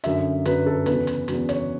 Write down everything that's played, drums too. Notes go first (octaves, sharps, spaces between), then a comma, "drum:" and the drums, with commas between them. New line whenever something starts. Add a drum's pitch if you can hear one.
F#2 D3 F#3 E5, drum: hi-hat
F#2 D3 F#3 B4, drum: hi-hat
A4
E2 C#3 F#3 B4, drum: hi-hat
drum: hi-hat
E2 C#3 F#3, drum: hi-hat
C#5, drum: hi-hat